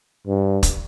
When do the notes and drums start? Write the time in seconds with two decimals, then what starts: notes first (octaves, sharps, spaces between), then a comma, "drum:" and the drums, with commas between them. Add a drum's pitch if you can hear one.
0.27 G2
0.63 drum: kick, hi-hat